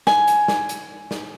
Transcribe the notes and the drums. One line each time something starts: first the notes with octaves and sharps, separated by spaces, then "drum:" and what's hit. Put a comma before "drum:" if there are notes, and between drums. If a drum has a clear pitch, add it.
G#5, drum: snare
drum: hi-hat
drum: snare
drum: hi-hat
drum: snare